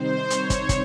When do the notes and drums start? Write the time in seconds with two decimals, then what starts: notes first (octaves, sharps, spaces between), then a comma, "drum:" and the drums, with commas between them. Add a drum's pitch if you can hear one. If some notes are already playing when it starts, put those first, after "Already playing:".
Already playing: C3 D#3 G3 C4 D#4 C5
0.30 C#5, drum: hi-hat
0.50 drum: kick, hi-hat
0.69 drum: kick, hi-hat